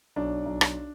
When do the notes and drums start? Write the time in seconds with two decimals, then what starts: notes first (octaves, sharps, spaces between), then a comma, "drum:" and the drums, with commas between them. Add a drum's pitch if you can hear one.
0.16 B1 D4
0.46 B1
0.61 drum: rim click